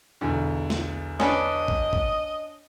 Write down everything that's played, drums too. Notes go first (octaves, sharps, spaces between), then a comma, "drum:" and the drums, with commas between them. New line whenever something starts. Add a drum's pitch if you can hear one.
B1 E2 D3
drum: snare
C#4 D4 B4 D#5, drum: snare
drum: kick
drum: kick